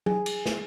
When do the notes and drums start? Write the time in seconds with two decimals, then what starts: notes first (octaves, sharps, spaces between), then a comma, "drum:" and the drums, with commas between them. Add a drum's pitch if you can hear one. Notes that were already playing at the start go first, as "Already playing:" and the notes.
0.06 G#4, drum: tom F#3
0.26 drum: cymbal
0.46 drum: snare